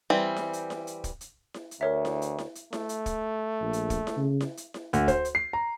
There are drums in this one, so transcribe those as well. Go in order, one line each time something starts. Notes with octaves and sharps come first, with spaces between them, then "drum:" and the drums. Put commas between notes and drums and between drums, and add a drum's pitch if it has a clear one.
E3 G3 C4
drum: snare E4
drum: hi-hat
drum: snare E4
drum: hi-hat
drum: kick, hi-hat
drum: hi-hat
drum: snare E4
drum: hi-hat
D2 A#4 C#5 E5
drum: snare E4
drum: hi-hat
drum: snare E4
drum: hi-hat
A3, drum: snare E4
drum: hi-hat
drum: kick, hi-hat
A#1
drum: hi-hat
drum: kick, hi-hat
drum: snare E4
C#3
drum: snare E4
drum: hi-hat
drum: snare E4
D2, drum: hi-hat
C5, drum: kick, hi-hat
drum: hi-hat
C7
A#5